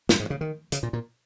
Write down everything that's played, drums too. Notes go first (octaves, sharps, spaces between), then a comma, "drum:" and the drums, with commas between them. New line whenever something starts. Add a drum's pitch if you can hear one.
G2, drum: snare
G#2
C#3
D#3
C#3, drum: hi-hat
A#2
A#2